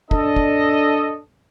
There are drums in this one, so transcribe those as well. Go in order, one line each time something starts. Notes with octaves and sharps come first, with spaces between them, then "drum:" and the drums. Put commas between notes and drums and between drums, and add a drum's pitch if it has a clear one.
D4 A4 D#5, drum: kick
drum: kick